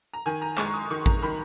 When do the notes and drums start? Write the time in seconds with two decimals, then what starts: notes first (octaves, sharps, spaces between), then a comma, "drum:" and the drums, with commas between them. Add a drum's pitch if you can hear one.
0.14 A#5
0.26 D#3 G#5
0.42 A#5
0.58 G#3 C#6, drum: clap
0.74 D#6
0.90 D#3 C#6
1.06 A#5, drum: kick A1
1.22 D#3 B5